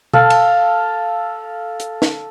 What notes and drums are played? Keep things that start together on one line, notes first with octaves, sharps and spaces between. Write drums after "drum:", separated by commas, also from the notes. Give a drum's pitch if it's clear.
A4 F5, drum: tom B2
drum: cymbal
drum: hi-hat
drum: snare